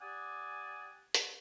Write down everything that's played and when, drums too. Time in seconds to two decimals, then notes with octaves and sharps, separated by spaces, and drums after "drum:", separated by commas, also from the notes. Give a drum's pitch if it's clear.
0.01 G4 D5 F#5 G#5 D#6
1.14 drum: hi-hat